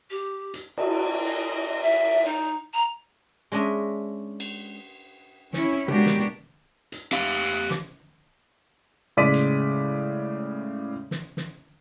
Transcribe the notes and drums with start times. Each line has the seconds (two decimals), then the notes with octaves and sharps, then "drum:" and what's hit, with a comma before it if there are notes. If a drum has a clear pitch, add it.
0.10 G4
0.54 drum: hi-hat
0.77 F#4, drum: cymbal
1.26 D#5
1.82 E5
2.25 D#4
2.73 A#5
3.52 G#3 C#4 D4 D#5 E5
4.40 drum: cymbal
5.53 C#4 E4, drum: snare
5.88 G#3 A#3 B3 D4 F#4 G4, drum: tom B2
6.06 drum: snare
6.92 drum: hi-hat
7.13 G4 F5
7.70 drum: snare
9.17 A2 C#3 G#3 D5 B6 D#7
9.34 drum: hi-hat
11.11 drum: snare
11.37 drum: snare